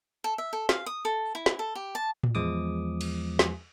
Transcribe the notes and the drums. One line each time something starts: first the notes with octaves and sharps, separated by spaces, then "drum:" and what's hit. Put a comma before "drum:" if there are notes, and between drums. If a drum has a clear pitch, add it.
A4
E5
A4
F5, drum: snare
D#6
A4
E4
drum: snare
A4
G4
A5
drum: tom A2
E2 F3 G#3 D6 D#6
drum: cymbal
drum: snare